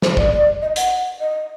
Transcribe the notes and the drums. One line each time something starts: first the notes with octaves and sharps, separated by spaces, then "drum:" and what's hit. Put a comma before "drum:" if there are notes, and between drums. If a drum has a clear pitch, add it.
C5, drum: snare
D5, drum: kick
D5
D#5
F#5, drum: hi-hat
D#5